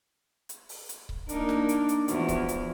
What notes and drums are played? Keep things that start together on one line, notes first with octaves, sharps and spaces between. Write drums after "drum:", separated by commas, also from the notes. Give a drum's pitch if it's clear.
drum: hi-hat
drum: open hi-hat
drum: hi-hat
drum: kick C#1
A#3 D4 D#4 A#4, drum: hi-hat
drum: snare
drum: hi-hat
drum: hi-hat
E2 F3 F#4, drum: hi-hat
drum: kick C#1, hi-hat
drum: hi-hat